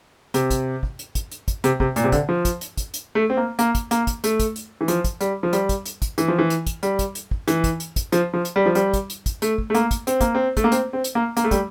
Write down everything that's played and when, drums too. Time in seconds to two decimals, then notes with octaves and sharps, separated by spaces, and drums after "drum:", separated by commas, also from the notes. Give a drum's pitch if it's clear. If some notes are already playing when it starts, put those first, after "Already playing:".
0.34 C3, drum: hi-hat
0.50 drum: kick, hi-hat
0.83 drum: kick
0.99 drum: hi-hat
1.15 drum: kick, hi-hat
1.32 drum: hi-hat
1.48 drum: kick, hi-hat
1.64 C3, drum: hi-hat
1.80 C3, drum: kick
1.96 A#2, drum: hi-hat
2.04 C3
2.12 D3, drum: kick, hi-hat
2.29 F3
2.45 drum: kick, hi-hat
2.61 drum: hi-hat
2.77 drum: kick, hi-hat
2.94 drum: hi-hat
3.15 A3
3.30 C4
3.37 A#3
3.59 A#3, drum: hi-hat
3.75 drum: kick, hi-hat
3.91 A#3, drum: hi-hat
4.07 drum: kick, hi-hat
4.24 A3, drum: hi-hat
4.40 drum: kick, hi-hat
4.56 drum: hi-hat
4.81 E3
4.88 F3, drum: hi-hat
5.04 drum: kick, hi-hat
5.21 G3, drum: hi-hat
5.43 F3
5.53 G3, drum: hi-hat
5.69 drum: kick, hi-hat
5.85 drum: hi-hat
6.02 drum: kick, hi-hat
6.18 E3, drum: hi-hat
6.28 F3
6.39 E3
6.50 drum: hi-hat
6.67 drum: kick, hi-hat
6.83 G3, drum: hi-hat
6.99 drum: kick, hi-hat
7.15 drum: hi-hat
7.31 drum: kick
7.48 E3, drum: hi-hat
7.64 drum: kick, hi-hat
7.80 drum: hi-hat
7.96 drum: kick, hi-hat
8.12 F3, drum: hi-hat
8.34 F3
8.45 drum: hi-hat
8.56 G3
8.66 F3
8.75 G3, drum: hi-hat
8.94 drum: kick, hi-hat
9.10 drum: hi-hat
9.26 drum: kick, hi-hat
9.42 A3, drum: hi-hat
9.58 drum: kick
9.70 A3
9.75 A#3, drum: hi-hat
9.91 drum: kick, hi-hat
10.07 C4, drum: hi-hat
10.21 A#3, drum: kick, hi-hat
10.35 C4
10.57 A3, drum: kick, hi-hat
10.64 A#3
10.72 C4, drum: hi-hat
10.93 C4
11.04 drum: hi-hat
11.15 A#3
11.37 A#3, drum: hi-hat
11.44 A3
11.51 G3, drum: kick, hi-hat